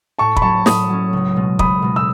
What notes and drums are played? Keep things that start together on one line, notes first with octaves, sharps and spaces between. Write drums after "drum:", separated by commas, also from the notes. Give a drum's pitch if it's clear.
A2 A5 C#6
B5, drum: kick
F#3 C#4 A5 C#6
A2 B5 D#6, drum: snare
F#3 C#4
C#2
B2 G#3
C#2 B5 D#6, drum: kick
B2 G#3
E6